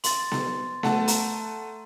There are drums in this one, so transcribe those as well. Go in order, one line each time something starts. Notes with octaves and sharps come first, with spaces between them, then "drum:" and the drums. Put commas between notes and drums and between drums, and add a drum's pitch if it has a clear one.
C6 A6, drum: hi-hat
drum: snare B3
A3 F#5 A5, drum: snare B3
A#5, drum: hi-hat